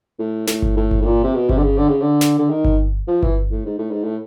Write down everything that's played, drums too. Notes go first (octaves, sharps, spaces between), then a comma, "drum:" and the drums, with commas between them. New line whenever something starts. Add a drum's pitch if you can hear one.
A2
A2, drum: snare
drum: kick G1
A2
drum: kick G1
A2
A#2
C3
B2
C3, drum: kick G1
D3
C#3
D3
C#3
D3
drum: snare
D3
D#3
drum: kick G1
F3
E3, drum: kick G1
A2
G#2
A2
G#2
A2